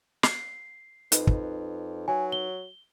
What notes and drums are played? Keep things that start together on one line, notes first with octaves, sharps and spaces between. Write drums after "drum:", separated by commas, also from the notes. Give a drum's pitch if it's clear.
C7, drum: snare
F2 D#4 B4, drum: hi-hat
drum: kick
F#3 G#5
G7